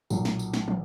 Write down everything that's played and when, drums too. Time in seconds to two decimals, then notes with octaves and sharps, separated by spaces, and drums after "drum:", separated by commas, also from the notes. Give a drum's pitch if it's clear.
0.10 B1 A#2 F#3, drum: tambourine
0.25 drum: snare
0.39 drum: tambourine
0.54 drum: snare
0.68 drum: tom